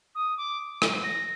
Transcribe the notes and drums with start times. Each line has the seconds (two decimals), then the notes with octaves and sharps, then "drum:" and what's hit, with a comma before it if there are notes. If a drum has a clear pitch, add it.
0.15 D#6
0.37 D6
0.82 drum: rim click
1.04 A#6